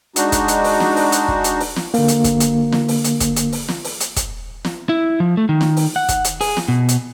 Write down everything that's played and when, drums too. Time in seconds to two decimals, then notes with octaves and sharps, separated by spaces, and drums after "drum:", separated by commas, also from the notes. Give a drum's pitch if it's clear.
0.16 G#3 D4 D#4 F#4, drum: hi-hat
0.32 drum: kick, hi-hat
0.48 drum: hi-hat
0.64 drum: open hi-hat
0.80 drum: snare
0.96 drum: open hi-hat
1.12 drum: hi-hat
1.28 drum: kick
1.44 drum: hi-hat
1.60 drum: open hi-hat
1.76 drum: snare
1.94 D3 A#3, drum: open hi-hat
2.08 drum: hi-hat
2.24 drum: kick, hi-hat
2.40 drum: hi-hat
2.72 drum: snare
2.88 drum: open hi-hat
3.04 drum: hi-hat
3.20 drum: kick, hi-hat
3.36 drum: hi-hat
3.52 drum: open hi-hat
3.68 drum: snare
3.84 drum: open hi-hat
4.00 drum: hi-hat
4.16 drum: kick, hi-hat
4.65 drum: snare
4.89 E4
5.20 F3
5.37 A3
5.49 D#3
5.61 drum: snare
5.77 drum: open hi-hat
5.96 F#5
6.09 drum: kick, hi-hat
6.25 drum: hi-hat
6.41 G#4, drum: open hi-hat
6.57 drum: snare
6.68 B2
6.89 drum: hi-hat